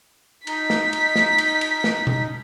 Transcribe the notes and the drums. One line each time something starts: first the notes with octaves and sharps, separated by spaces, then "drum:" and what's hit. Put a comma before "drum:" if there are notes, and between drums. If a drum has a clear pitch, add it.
D#4 B6, drum: cymbal
drum: snare
drum: cymbal
drum: snare
drum: cymbal
drum: cymbal
drum: snare
drum: tom B2